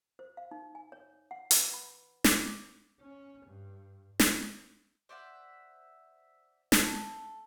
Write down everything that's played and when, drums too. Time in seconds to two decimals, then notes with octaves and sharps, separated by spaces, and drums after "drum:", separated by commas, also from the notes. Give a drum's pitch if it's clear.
0.19 C5
0.37 F5
0.51 D#4
0.75 G#5
0.92 C#5
1.31 F#5
1.51 B4, drum: hi-hat
1.74 B5
2.24 D6, drum: snare
3.00 C#4
3.46 G2
4.20 drum: snare
5.09 C5 D5 E5 F#5
6.72 A4, drum: snare